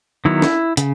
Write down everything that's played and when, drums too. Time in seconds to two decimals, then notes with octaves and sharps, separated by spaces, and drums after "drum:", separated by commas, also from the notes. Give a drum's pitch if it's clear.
0.25 D#3 F#3 B3 E4
0.42 drum: snare
0.77 C#3, drum: hi-hat